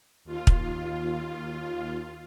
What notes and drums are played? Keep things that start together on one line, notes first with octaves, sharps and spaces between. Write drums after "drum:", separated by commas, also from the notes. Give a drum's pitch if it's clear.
D#2 F4
drum: kick